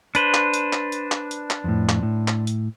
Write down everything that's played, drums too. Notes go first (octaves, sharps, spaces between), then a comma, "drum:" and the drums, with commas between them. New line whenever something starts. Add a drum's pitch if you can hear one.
D4 B4 C5, drum: hi-hat
drum: clap
drum: hi-hat
drum: clap
drum: hi-hat
drum: clap
drum: hi-hat
drum: clap
F2 A2
drum: clap
A2
drum: clap
drum: hi-hat